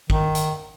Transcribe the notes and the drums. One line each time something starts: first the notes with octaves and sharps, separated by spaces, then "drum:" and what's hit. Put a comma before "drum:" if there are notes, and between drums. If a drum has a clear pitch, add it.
D#3, drum: kick
drum: hi-hat